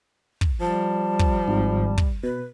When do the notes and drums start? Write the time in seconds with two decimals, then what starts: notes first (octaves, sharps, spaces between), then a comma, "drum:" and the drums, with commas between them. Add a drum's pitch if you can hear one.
0.41 drum: kick
0.61 F3 G3 A5
1.19 drum: kick
1.48 G#1
1.98 drum: kick
2.24 B2 B4